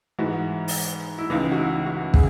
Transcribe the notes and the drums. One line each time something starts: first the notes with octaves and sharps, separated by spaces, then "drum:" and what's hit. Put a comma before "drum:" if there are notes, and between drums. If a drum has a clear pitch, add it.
G#2 E3 G#3 F#4
drum: open hi-hat
E4
C#2 C#3 E3 D#4
F#4
E4
F#4
G#4, drum: kick